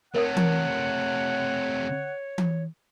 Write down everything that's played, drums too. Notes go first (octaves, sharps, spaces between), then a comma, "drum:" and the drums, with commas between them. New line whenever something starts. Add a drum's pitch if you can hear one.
C3 A3 A#4 C#5 E5 F#5 D#6
drum: tom E3
drum: tom E3